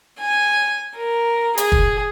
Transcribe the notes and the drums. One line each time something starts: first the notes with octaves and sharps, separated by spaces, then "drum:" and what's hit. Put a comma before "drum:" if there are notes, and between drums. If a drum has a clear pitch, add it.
G#5
A#4
G#4, drum: hi-hat
drum: kick